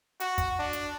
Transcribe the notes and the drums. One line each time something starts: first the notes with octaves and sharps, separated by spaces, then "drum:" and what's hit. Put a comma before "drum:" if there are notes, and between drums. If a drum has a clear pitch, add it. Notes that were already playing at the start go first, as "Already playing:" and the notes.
F#4, drum: hi-hat
drum: kick, hi-hat
D4
drum: hi-hat